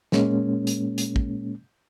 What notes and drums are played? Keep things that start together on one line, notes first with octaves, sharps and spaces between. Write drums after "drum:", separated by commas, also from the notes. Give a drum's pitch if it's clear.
A#2 G#3 A#3 C#4, drum: snare
drum: hi-hat
drum: hi-hat
drum: kick